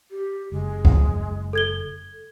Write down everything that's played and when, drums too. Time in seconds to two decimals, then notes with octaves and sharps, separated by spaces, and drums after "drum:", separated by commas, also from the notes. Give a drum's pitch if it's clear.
0.11 G4
0.52 F#1 G#3
0.85 drum: kick C#2
1.53 A4 G#6 G7